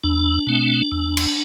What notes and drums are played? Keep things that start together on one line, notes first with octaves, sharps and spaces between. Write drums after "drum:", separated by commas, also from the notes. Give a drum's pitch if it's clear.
E2 D4
B2 A3 C4
E2
drum: cymbal